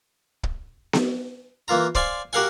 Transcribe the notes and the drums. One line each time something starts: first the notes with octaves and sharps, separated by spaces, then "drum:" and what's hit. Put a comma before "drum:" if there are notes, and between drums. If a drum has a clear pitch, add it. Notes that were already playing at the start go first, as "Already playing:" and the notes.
drum: kick
drum: snare B3
E3 A#3 F4 A#5
C5 D5 F5 G#5, drum: kick
F#4 G4 A#4 F5 F#5 G#5